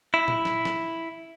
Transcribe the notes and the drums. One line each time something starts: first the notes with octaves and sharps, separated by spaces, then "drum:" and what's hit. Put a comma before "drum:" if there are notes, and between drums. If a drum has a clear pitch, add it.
E4
drum: tom A#2
drum: snare
drum: snare